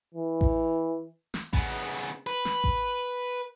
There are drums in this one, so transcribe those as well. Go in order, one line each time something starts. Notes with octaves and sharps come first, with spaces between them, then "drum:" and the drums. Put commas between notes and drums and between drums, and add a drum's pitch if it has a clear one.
E3
drum: kick A1
drum: snare
C#3 B3, drum: kick A1
B4
drum: snare
drum: kick A1